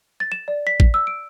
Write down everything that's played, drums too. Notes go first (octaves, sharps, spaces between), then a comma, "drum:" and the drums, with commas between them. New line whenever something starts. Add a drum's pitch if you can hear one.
A6
E7
D5
B6
drum: kick
E6
D7